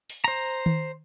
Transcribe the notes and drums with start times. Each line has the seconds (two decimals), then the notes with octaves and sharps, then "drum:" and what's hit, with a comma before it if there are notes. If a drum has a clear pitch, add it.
0.10 drum: open hi-hat
0.24 C5 A#5
0.66 drum: tom D#3